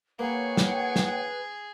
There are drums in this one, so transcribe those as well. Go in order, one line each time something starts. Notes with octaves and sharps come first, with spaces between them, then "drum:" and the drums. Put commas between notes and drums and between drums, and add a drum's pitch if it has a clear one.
A#3 G#4 B4 C#5 F#5 G5
drum: snare
drum: snare